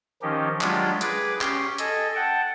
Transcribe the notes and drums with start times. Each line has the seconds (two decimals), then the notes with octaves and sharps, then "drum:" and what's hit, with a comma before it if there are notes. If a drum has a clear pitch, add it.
0.22 D#3 F3 C#4 D#4 G4
0.61 F#3 G#3 D4 F4 G4, drum: clap
1.01 G#4 B4 D6, drum: hi-hat
1.41 C#4 G4 C6, drum: clap
1.78 A4 D#5 G#5, drum: hi-hat
2.15 F#5 G5 A5